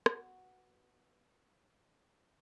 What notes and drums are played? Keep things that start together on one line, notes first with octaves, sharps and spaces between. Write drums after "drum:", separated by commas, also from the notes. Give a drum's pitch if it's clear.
B3 F#4, drum: rim click